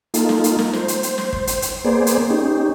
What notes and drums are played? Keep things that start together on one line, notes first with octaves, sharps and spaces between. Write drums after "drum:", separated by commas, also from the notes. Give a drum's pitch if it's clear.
A#3 D#4 F4 A4, drum: hi-hat
drum: snare
drum: hi-hat
drum: snare
C5, drum: snare
drum: hi-hat
drum: hi-hat
drum: snare
drum: kick
drum: hi-hat
drum: hi-hat
A#3 B3 G#4 C5 D5
drum: hi-hat
C#4 D#4 G4